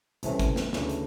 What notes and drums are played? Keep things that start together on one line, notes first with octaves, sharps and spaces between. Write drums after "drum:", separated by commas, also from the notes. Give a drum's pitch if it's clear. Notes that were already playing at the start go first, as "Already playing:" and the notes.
C2 C3 E3 A3 C#4, drum: hi-hat
drum: kick G#1, hi-hat
drum: snare
D2 C#3 E3 A3 D4, drum: snare
drum: hi-hat